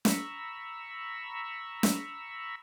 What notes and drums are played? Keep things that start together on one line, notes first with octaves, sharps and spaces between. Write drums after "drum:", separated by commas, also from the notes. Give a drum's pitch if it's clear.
A#5 B5 C#6 E6, drum: snare
drum: snare